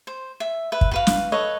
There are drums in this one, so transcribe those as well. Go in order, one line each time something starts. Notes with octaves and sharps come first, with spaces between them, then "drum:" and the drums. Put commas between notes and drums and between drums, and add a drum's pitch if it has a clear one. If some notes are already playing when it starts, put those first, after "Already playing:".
C5
E5
B4 E5
drum: kick
F#4 B4 F5
drum: snare
A4 B4 C#5 D#5